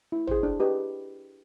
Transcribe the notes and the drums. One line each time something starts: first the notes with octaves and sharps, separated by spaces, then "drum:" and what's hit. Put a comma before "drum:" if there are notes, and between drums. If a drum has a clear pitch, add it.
E4
G#4 C5, drum: tom
D4
G4 B4 D#5